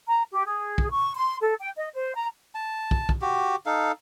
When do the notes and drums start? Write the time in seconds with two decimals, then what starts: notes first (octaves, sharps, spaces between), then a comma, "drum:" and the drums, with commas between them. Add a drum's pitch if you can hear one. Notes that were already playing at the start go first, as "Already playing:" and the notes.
0.07 A#5
0.31 G4
0.45 G#4
0.78 drum: kick
0.91 C#6
1.14 C6
1.40 A4
1.58 G5
1.77 D#5
1.94 C5
2.14 A#5
2.55 A5
2.91 drum: kick
3.09 drum: kick
3.22 F#4 G4
3.66 D#4 A4 F5